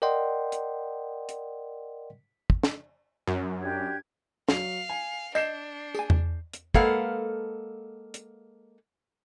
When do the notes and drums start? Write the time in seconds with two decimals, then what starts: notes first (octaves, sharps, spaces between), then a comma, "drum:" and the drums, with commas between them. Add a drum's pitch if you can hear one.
0.02 A#4 D5 D#5 F#5 G5 C6
0.52 drum: hi-hat
1.29 drum: hi-hat
2.50 drum: kick
2.63 drum: snare
3.28 F#2
3.61 D4 G4 G#6
4.49 F#3 F5, drum: snare
4.89 G#5
5.35 D4 D#5 G6 C7 E7, drum: tambourine
5.95 G#4 G#5, drum: tambourine
6.10 drum: tom E2
6.54 drum: hi-hat
6.75 G#3 A#3 A4 B4 F5 F#5, drum: kick
8.14 drum: hi-hat